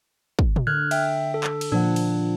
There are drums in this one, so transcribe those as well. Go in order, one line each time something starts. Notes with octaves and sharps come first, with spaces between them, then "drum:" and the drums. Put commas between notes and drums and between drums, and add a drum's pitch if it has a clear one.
drum: kick
drum: tom
D3 F6 F#6 G#6
E5 G5, drum: cymbal
A4
drum: clap
drum: cymbal
A#2 F3 D4 F#5
drum: cymbal